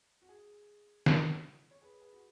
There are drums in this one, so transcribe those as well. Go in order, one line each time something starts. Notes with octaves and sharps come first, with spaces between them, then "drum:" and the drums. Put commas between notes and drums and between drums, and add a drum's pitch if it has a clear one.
F#4
G#4
drum: snare
C#5
G#4 B4
G#4 B4
F#4